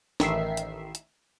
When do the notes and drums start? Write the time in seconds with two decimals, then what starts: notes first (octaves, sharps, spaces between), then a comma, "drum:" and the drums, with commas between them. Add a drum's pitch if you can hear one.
0.20 A1 D#3 E5 C7, drum: snare
0.57 drum: hi-hat
0.95 drum: hi-hat